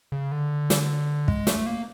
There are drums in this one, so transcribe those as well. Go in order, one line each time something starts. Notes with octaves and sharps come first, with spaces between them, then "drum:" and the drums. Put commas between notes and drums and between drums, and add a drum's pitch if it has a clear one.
C#3
D3
drum: snare
G#3, drum: kick
A3, drum: snare
A#3